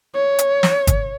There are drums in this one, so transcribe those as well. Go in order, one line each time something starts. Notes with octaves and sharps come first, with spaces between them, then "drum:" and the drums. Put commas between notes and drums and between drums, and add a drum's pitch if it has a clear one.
C#5
drum: hi-hat
drum: snare
drum: kick G1, hi-hat